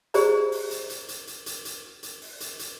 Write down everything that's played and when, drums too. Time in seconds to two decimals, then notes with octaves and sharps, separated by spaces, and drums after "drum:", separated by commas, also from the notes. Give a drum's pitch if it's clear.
0.14 G4 G#4 C5 D5 A#5, drum: hi-hat
0.52 drum: open hi-hat
0.71 drum: hi-hat
0.90 drum: hi-hat
1.08 drum: hi-hat
1.27 drum: hi-hat
1.46 drum: hi-hat
1.65 drum: hi-hat
2.03 drum: hi-hat
2.22 drum: open hi-hat
2.40 drum: hi-hat
2.59 drum: hi-hat